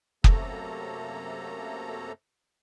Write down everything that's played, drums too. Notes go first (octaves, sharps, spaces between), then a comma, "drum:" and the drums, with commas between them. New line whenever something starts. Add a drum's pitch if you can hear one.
F#2 C3 A3 A#3 A4 A#5, drum: kick